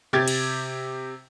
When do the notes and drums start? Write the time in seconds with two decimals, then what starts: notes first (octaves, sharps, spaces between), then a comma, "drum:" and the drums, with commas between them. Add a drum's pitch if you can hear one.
0.13 C3 G4 G#6 A6
0.28 drum: cymbal